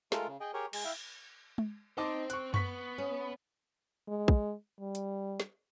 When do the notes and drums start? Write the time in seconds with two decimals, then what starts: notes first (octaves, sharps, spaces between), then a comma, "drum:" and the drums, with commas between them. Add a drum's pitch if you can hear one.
0.12 G#3 A3 F4 A4 A#4, drum: snare
0.27 C#3
0.40 G#4 D#5 G5
0.54 G4 G#4 A#4 C#5
0.73 G#3 G#4, drum: cymbal
0.85 E4 E5 F5 G5
1.58 drum: tom G#3
1.97 C4 D#4 C5 A5 D6
2.30 C#6 F#6, drum: hi-hat
2.54 B3 C#6 B6, drum: tom F#2
2.98 C#4
4.08 G#3
4.28 drum: kick
4.80 G3
4.95 drum: hi-hat
5.40 drum: snare